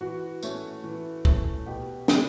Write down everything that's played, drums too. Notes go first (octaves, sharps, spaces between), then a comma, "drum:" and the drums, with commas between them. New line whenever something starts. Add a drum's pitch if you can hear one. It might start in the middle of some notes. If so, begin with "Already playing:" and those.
E3 F#4
A3 C#4, drum: tambourine
E3
A3 C#4, drum: kick
B2 G4
F#3 B3 D4, drum: snare